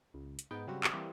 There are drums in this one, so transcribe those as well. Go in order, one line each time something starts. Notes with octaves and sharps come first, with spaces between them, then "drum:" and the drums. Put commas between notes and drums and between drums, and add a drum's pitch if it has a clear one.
C#2
drum: hi-hat
G#2 B3 D#4 G5
C#3 F#3 G3 C4 F#4
drum: clap
E3 G3 A#3 C4